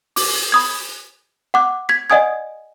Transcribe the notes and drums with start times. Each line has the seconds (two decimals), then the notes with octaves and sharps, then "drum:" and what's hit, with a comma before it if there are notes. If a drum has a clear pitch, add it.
0.16 D6, drum: open hi-hat
0.52 B5 D#6 G#6
1.54 F#5 D6 F#6
1.89 G#6 B6
2.10 D5 D#5 F#5 G#5 D#6 G#6